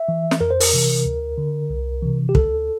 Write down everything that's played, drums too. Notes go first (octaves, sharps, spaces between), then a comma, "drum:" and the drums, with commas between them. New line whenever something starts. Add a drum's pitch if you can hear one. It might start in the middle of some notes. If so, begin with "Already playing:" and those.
Already playing: E5
E3
drum: snare
F2 A#4
C5
A#4, drum: open hi-hat
C3 E3
D2
D3
C2
C3 E3
G4
D2 A4, drum: kick